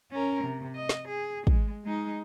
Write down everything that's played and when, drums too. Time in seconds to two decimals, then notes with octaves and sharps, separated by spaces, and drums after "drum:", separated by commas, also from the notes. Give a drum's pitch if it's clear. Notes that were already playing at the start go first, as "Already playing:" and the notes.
0.12 C#4 A#4
0.44 C3
0.76 D#5
0.89 drum: snare
1.08 G#4
1.47 G#3, drum: kick
1.85 G#3 D#4